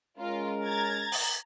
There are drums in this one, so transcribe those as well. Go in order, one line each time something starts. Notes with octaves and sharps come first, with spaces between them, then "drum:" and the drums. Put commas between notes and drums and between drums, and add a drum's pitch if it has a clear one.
G#3 C#4 F4 A#4
A#5 G#6 A6
drum: open hi-hat